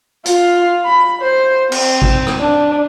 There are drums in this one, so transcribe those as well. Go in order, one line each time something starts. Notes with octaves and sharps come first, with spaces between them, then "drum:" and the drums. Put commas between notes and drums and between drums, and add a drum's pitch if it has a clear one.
F4, drum: hi-hat
B5
C5
C4, drum: cymbal
drum: kick G#1
drum: rim click
D4